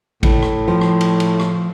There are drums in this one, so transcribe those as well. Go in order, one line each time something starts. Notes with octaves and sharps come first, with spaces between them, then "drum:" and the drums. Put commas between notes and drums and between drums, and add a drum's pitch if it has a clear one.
A2, drum: kick G#1, cymbal
drum: rim click
F3
drum: rim click
drum: cymbal
drum: cymbal
drum: rim click